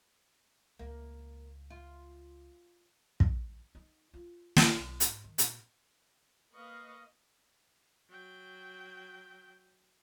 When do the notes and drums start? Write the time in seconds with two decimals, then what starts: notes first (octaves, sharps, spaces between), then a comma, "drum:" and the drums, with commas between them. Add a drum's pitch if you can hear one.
0.79 C#2 A#3
1.70 F4
3.20 drum: kick
3.75 D#4
4.14 F4
4.56 C#2, drum: snare
4.74 B1
5.00 G#2, drum: hi-hat
5.24 D#3
5.38 A#2, drum: hi-hat
6.53 A#3 B4 D#5 F5 C#6
8.09 F#3 G5